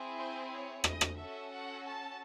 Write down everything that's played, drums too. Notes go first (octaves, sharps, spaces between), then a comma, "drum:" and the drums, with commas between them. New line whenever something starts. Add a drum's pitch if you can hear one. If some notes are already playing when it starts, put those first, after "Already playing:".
Already playing: C4 E4 G#4
C5
C#5
D#5, drum: rim click
drum: rim click
C#4 F#4 A4 E5
F#5
A5